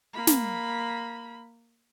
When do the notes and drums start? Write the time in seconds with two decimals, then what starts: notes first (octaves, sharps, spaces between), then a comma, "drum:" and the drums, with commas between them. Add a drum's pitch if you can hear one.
0.14 A#3 B5
0.27 drum: snare